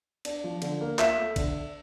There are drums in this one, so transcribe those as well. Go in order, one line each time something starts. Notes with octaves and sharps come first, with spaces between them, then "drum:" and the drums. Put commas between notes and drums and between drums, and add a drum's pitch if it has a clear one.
D4, drum: cymbal
F3
D3, drum: cymbal
A#3
F4 E5, drum: clap
A3
D3, drum: kick A1, cymbal
D4